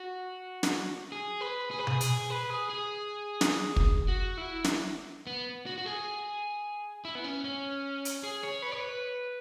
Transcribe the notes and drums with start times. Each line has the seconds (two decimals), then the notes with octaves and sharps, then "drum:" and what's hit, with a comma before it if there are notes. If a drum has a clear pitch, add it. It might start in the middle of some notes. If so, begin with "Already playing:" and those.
Already playing: F#4
0.63 drum: snare
1.12 G#4
1.41 B4
1.71 G#4
1.79 B4
1.87 G#4, drum: tom B2
2.00 G#4, drum: hi-hat
2.30 B4
2.50 G#4
2.70 G#4
3.41 drum: snare
3.76 drum: kick
4.08 F#4
4.38 E4
4.64 drum: snare
5.27 B3
5.66 F#4
5.78 F#4
5.86 G#4
7.05 E4
7.15 B3
7.24 C#4
7.44 C#4
8.05 drum: hi-hat
8.23 G#4
8.43 C#5
8.62 B4
8.72 C#5
8.81 B4